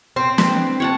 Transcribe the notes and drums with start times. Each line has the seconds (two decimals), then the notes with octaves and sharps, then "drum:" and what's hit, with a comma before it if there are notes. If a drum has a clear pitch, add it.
0.16 C4
0.38 B4, drum: snare
0.80 C#5 F#5 A5